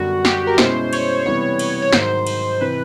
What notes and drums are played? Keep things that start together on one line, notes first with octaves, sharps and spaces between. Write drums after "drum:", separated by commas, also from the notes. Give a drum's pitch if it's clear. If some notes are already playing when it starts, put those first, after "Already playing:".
Already playing: F#2 D3 G3 B3 F#4
G4, drum: snare
A#4
B2 G#3 C#4 E4 C5, drum: snare
C#5, drum: cymbal
C3 E3 G3 B3 E4 C#5
drum: cymbal
C#5
G#2 D#3 F#3 C5, drum: snare
drum: cymbal
C3 E3 B4